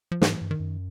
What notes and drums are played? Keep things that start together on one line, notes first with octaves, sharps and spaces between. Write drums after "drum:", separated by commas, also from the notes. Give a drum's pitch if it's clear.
F3
G#2 E3, drum: snare
G2
D#3
F#2